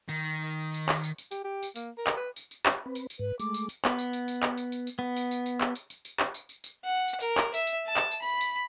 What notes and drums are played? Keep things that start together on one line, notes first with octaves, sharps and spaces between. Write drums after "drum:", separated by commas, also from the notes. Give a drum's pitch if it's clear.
D#3
drum: tambourine
drum: clap
drum: tambourine
drum: tambourine
G4, drum: tambourine
G4
drum: tambourine
A#3, drum: tambourine
A#4
drum: clap
B4
drum: tambourine
drum: tambourine
drum: clap
C4 B4
drum: tambourine
drum: tambourine
G#2 B4
G#3 A3 D6, drum: tambourine
drum: tambourine
drum: tambourine
B3, drum: clap
drum: tambourine
drum: tambourine
drum: tambourine
drum: clap
drum: tambourine
drum: tambourine
drum: tambourine
B3
drum: tambourine
drum: tambourine
drum: tambourine
drum: clap
drum: tambourine
drum: tambourine
drum: tambourine
drum: clap
drum: tambourine
drum: tambourine
drum: tambourine
F#5
drum: tambourine
A#4, drum: tambourine
drum: clap
E5, drum: tambourine
drum: tambourine
A5
drum: clap
drum: tambourine
B5
drum: tambourine